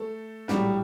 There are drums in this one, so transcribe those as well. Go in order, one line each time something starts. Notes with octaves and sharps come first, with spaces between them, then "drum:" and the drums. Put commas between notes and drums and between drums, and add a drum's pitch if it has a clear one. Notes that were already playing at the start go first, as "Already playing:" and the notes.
Already playing: A3 A4
A#1 A2 F#3 G3 G4, drum: snare